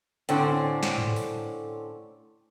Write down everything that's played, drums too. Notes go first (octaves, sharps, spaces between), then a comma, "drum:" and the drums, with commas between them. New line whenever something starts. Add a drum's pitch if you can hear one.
A2 D3 C4 C#4, drum: hi-hat
drum: snare
drum: tom G#2
drum: open hi-hat